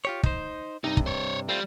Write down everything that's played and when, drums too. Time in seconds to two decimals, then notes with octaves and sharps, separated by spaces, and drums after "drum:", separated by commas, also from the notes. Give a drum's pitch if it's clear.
0.05 F4 G4 C#5
0.23 D#4 C5, drum: kick
0.84 G2 C3 D#4
0.97 drum: kick
1.06 C5 C#5
1.49 G3 A3 C4 F4